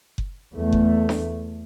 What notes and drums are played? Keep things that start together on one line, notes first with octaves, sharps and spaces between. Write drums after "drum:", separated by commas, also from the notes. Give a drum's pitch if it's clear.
drum: kick F#1
E2 A3
drum: kick F#1
drum: snare D4